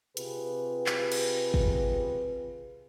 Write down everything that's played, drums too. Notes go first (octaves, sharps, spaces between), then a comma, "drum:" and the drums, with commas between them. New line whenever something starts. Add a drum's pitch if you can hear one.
C3 F4 G4 G#4 B4, drum: hi-hat
drum: clap
drum: cymbal
drum: kick